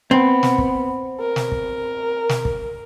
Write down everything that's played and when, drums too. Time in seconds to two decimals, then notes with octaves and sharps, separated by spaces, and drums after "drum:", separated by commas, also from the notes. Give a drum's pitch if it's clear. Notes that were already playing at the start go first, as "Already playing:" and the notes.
0.11 B3 C4
0.43 drum: snare
0.58 drum: kick
1.20 A#4
1.36 drum: snare
1.52 drum: kick
2.29 drum: snare
2.45 drum: kick